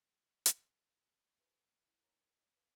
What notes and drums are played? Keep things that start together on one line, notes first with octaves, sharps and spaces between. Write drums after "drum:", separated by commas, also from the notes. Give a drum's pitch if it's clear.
drum: hi-hat
E4 G#4 A4 B4 C5
A#3 C4
E3 E4
A#3 B3 C#4 A#4
C#4 D#4 G4 C5 D#5
B4 F5